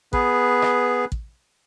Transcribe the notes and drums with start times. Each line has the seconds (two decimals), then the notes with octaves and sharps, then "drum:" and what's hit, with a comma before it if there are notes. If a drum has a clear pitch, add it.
0.13 B3 G#4 B4, drum: kick
0.62 drum: rim click
1.12 drum: kick